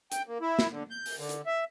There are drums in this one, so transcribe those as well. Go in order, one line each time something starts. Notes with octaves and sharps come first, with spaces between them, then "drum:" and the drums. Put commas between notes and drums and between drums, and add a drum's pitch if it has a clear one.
G5, drum: hi-hat
A#3
E4
drum: snare
D3
G6
drum: open hi-hat
D3
drum: hi-hat
E5